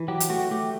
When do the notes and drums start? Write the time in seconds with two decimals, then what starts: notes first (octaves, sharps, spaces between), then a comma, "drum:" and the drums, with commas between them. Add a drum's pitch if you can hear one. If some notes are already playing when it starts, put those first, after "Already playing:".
Already playing: E3
0.08 F#3 G4
0.20 drum: hi-hat
0.30 A3 F#4
0.51 A3 G4